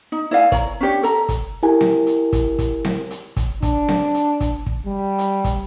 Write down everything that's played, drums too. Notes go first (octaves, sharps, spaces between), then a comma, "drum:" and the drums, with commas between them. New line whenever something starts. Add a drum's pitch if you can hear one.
D#4
E4 D5 F5 G#5
C#5 A#5, drum: kick, hi-hat
C#4 D4 G4 C#5
A4 A#5, drum: hi-hat
drum: kick, hi-hat
E4 G4 A#4 G#5
drum: snare C4
drum: hi-hat
drum: kick, hi-hat
drum: kick, hi-hat
drum: snare C4
drum: hi-hat
drum: kick, hi-hat
D4, drum: kick, hi-hat
drum: snare C4
drum: hi-hat
drum: kick, hi-hat
drum: kick
G3
drum: hi-hat
drum: kick, hi-hat